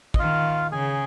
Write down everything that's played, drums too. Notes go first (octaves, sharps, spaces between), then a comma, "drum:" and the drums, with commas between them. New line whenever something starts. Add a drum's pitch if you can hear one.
D#5, drum: kick
D#3 F4 F5
C#3 G#4 G#5